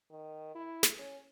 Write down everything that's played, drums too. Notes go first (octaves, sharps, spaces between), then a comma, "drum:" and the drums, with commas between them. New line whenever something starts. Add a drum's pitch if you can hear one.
D#3
E4
drum: snare
C#4